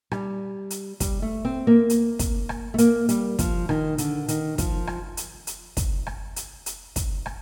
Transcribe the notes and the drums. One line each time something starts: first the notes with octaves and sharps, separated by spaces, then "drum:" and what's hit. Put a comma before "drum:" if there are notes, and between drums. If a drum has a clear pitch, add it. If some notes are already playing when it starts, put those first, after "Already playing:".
G3, drum: rim click
drum: hi-hat
G3, drum: kick, hi-hat
A3
C4
A#3
drum: hi-hat
drum: kick, hi-hat
drum: rim click
A3
A#3, drum: hi-hat
G3, drum: hi-hat
F3, drum: kick, hi-hat
D#3, drum: rim click
D3, drum: hi-hat
D#3, drum: hi-hat
F3, drum: kick, hi-hat
drum: rim click
drum: hi-hat
drum: hi-hat
drum: kick, hi-hat
drum: rim click
drum: hi-hat
drum: hi-hat
drum: kick, hi-hat
drum: rim click